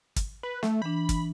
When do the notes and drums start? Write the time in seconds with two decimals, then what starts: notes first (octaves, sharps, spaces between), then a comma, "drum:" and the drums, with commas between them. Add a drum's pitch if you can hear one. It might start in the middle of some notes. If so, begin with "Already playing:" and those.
0.16 drum: kick, hi-hat
0.43 B4
0.63 A3, drum: snare
0.82 E3 D4 B5
1.09 drum: kick, hi-hat